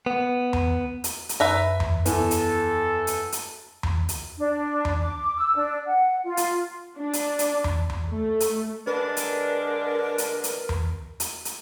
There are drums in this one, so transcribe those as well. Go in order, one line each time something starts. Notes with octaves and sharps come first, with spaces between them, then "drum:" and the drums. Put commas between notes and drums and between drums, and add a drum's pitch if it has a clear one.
B3
drum: tom E2
drum: hi-hat
drum: hi-hat
F#2 B4 E5 A#5
drum: tom E2
E2 A4, drum: hi-hat
drum: hi-hat
drum: hi-hat
drum: hi-hat
drum: tom E2
drum: hi-hat
D4
drum: tom E2
D6
E6
D4
F#5
F4
drum: hi-hat
D4
drum: hi-hat
drum: hi-hat
drum: tom E2
drum: tom E2
A3
drum: hi-hat
D3 G#3 D4 A#4 B4
drum: hi-hat
drum: hi-hat
drum: hi-hat
drum: tom E2
drum: hi-hat
drum: hi-hat